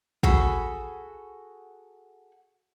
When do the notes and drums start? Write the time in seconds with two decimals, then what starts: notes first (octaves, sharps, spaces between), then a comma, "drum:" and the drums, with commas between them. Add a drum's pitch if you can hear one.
0.23 F#4 G#4 A4 B5, drum: kick